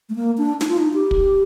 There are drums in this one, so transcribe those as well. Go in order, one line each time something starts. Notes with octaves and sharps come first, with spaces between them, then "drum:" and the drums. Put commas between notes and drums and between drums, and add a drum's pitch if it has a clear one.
A3
A#3
D4
D#4, drum: snare
F4
D#4
G4
drum: kick